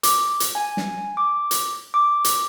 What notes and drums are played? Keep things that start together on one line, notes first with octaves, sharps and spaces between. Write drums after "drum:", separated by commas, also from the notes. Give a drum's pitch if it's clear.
D6, drum: hi-hat
drum: hi-hat
G#5
drum: snare
D6
drum: hi-hat
D6
drum: hi-hat